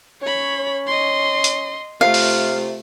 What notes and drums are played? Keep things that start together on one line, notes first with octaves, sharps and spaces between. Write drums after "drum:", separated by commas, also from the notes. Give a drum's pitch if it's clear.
C#4 C#5 B5
D#5 C6
drum: hi-hat
C3 A3 F4 F5
drum: open hi-hat